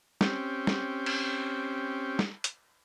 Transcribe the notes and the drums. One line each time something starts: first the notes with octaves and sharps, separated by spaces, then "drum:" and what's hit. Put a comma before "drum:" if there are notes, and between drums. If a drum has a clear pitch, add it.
C4 C#4 G4, drum: snare
drum: snare
drum: cymbal
drum: snare
drum: hi-hat